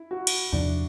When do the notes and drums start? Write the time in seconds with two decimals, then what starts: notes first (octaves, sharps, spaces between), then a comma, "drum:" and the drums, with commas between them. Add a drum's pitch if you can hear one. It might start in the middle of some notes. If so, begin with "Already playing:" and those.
Already playing: E4
0.11 F#4
0.27 drum: cymbal
0.52 E2 C3 F3 D4